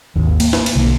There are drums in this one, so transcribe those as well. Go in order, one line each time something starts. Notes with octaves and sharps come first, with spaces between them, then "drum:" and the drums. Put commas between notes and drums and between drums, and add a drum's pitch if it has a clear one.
G#1 D#2
A#3, drum: cymbal
drum: snare
drum: cymbal
B1 D3 E3 A#3